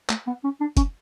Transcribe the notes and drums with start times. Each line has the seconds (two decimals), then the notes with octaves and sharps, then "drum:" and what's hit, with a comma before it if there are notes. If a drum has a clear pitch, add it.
0.10 A3, drum: clap
0.27 B3
0.44 C#4
0.60 D4
0.77 C#4, drum: kick, hi-hat